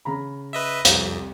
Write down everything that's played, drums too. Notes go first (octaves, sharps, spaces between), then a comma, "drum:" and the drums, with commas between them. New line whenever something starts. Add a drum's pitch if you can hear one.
C#3 A#5 B5
B4 D#5 E5
C2 F2, drum: hi-hat